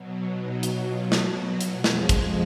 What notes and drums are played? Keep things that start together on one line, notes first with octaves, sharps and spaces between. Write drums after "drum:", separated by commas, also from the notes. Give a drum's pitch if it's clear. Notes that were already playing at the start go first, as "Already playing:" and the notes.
Already playing: B2 F#3
D#4
drum: hi-hat
F4
drum: snare
F#4
drum: hi-hat
F2 F3 G#3 G#4, drum: snare
drum: kick, hi-hat